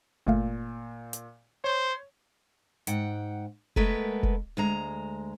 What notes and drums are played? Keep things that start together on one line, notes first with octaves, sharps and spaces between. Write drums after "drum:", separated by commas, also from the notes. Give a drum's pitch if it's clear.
G1 A#2 A3 F5
drum: hi-hat
C5 C#5
G#2 F#5 G5, drum: hi-hat
G#3 A3 B3 A#4 B4, drum: kick F1
drum: kick F1
D2 G#3 A#5